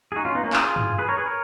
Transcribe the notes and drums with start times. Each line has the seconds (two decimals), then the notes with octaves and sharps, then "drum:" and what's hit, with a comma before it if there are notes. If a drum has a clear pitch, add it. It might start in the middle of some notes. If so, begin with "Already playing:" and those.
0.12 G#4
0.16 D#4 F#4
0.25 C#4 F4
0.35 B3 D#4
0.43 A#3 C#4
0.53 F4 G#4, drum: clap
0.76 drum: tom
0.98 G#4 B4
1.08 A#4 C#5
1.17 G#4 B4
1.26 A#4 C#5